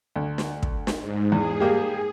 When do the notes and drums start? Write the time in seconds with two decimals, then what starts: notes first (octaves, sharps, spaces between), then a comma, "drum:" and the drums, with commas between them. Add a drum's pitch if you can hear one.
0.16 D2
0.38 drum: snare
0.63 drum: kick
0.87 drum: snare
0.97 G#2
1.32 E2 G#4
1.60 G3 A#3 G4